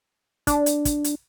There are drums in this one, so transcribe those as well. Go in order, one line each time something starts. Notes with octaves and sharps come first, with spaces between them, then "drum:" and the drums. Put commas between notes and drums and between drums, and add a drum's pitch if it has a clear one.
D4, drum: kick, hi-hat
drum: hi-hat
drum: kick, hi-hat
drum: hi-hat